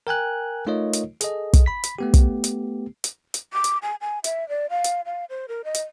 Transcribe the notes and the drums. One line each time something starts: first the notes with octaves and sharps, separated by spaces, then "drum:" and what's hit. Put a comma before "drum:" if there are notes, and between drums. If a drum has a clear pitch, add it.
A#4 G5 G#5 F#6
A3 D#4 F4 A#4 C#5 D#5
drum: hi-hat
G#4 A4 D#5, drum: hi-hat
drum: kick, hi-hat
B5 B6
drum: hi-hat
A3 B3 G4
drum: kick, hi-hat
drum: hi-hat
drum: hi-hat
drum: hi-hat
D6
drum: hi-hat
G#5
G#5
E5, drum: hi-hat
D5
F5
drum: hi-hat
F5
C5
A#4
D#5
drum: hi-hat